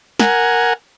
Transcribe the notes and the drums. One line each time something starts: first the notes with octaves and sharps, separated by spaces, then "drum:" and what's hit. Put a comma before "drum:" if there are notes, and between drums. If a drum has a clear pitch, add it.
A#4 F#5 G#5, drum: snare